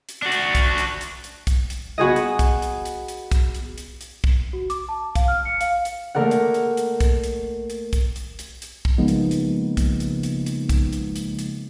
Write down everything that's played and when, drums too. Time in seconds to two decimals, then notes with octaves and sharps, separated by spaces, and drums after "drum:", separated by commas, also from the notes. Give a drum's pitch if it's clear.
0.09 drum: hi-hat
0.22 D4 F#4
0.32 drum: hi-hat
0.55 drum: kick, hi-hat
0.78 drum: hi-hat
1.01 drum: hi-hat
1.24 drum: hi-hat
1.47 drum: kick, hi-hat
1.70 drum: hi-hat
1.98 B3 F#4 G#4 D#5
2.16 drum: hi-hat
2.39 drum: kick, hi-hat
2.62 drum: hi-hat
2.85 drum: hi-hat
3.08 drum: hi-hat
3.31 drum: kick, hi-hat
3.55 drum: hi-hat
3.78 drum: hi-hat
4.01 drum: hi-hat
4.24 drum: kick
4.53 F#4
4.70 D6, drum: hi-hat
4.89 A5
5.15 F5, drum: kick, hi-hat
5.28 F6
5.45 C#7
5.61 F5, drum: hi-hat
5.85 drum: hi-hat
6.15 A3 A#3 A#4 D5 F#5
6.31 drum: hi-hat
6.54 drum: hi-hat
6.77 drum: hi-hat
7.00 drum: kick, hi-hat
7.24 drum: hi-hat
7.70 drum: hi-hat
7.93 drum: kick, hi-hat
8.16 drum: hi-hat
8.39 drum: hi-hat
8.62 drum: hi-hat
8.85 drum: kick
8.98 C#3 F3 G#3 A#3 B3 D#4
9.08 drum: hi-hat
9.31 drum: hi-hat
9.77 drum: kick, hi-hat
10.00 drum: hi-hat
10.23 drum: hi-hat
10.46 drum: hi-hat
10.69 drum: kick, hi-hat
10.93 drum: hi-hat
11.16 drum: hi-hat
11.39 drum: hi-hat